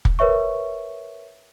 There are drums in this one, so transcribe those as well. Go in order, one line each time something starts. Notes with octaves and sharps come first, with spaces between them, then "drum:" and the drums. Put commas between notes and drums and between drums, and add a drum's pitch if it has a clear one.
drum: kick
A#4 B4 C#5 E5 C#6